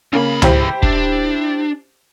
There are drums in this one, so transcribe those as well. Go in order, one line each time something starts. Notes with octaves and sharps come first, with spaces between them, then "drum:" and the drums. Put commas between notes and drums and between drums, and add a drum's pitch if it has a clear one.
C#2 C#3 A#3 B5
E4 G4 C5, drum: tom C#2
D4, drum: kick